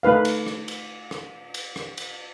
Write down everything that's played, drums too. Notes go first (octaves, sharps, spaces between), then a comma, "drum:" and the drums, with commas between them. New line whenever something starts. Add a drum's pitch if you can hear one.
A3 D#4 B4 F5
drum: cymbal
drum: rim click
drum: cymbal
drum: rim click
drum: cymbal
drum: rim click
drum: cymbal